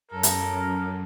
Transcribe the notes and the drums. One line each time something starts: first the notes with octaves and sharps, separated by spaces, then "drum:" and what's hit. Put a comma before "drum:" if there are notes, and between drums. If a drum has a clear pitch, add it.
F#2 A4 A#4
drum: hi-hat